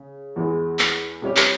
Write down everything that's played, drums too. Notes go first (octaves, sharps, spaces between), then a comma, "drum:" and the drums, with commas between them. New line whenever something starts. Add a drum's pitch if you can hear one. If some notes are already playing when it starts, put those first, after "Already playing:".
Already playing: C#3
E2 E3 G#3
drum: clap
C3 G3 C#4 G4
drum: clap